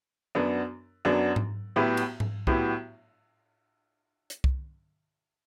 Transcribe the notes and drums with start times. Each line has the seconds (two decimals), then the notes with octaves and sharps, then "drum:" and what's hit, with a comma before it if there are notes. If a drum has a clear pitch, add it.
0.35 F#2 F#3 B3 D4
1.05 F#2 F#3 B3 D4
1.36 drum: tom G#2
1.76 A2 F#3 B3 E4 G4
1.97 drum: cymbal
2.20 drum: tom G#2
2.47 A2 F#3 B3 E4 G4, drum: kick C2
4.30 drum: hi-hat
4.44 drum: kick C2